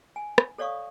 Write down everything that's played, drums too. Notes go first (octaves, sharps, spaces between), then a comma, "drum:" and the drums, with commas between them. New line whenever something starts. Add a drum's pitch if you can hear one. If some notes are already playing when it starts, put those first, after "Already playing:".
G#5
drum: rim click
A4 C#5 D5 F5 C#6 D#6